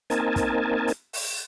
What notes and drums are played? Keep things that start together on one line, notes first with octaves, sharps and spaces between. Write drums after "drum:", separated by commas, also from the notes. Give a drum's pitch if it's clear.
A#3 C4 D#4 A#4 G#5 A5, drum: hi-hat
drum: kick, hi-hat
drum: hi-hat
drum: open hi-hat